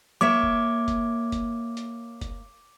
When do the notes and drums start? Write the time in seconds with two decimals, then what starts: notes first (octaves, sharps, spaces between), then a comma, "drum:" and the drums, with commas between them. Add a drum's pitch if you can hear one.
0.21 A#3 C#5 E5 D6
0.43 drum: kick F1
0.88 drum: kick F1, hi-hat
1.32 drum: kick F1, hi-hat
1.77 drum: hi-hat
2.21 drum: kick F1, hi-hat